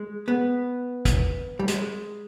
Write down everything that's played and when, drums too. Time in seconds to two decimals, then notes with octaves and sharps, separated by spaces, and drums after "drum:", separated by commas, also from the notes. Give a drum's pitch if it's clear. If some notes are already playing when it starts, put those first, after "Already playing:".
Already playing: G#3
0.28 B3
1.05 drum: kick, hi-hat
1.59 G3
1.68 G#3, drum: hi-hat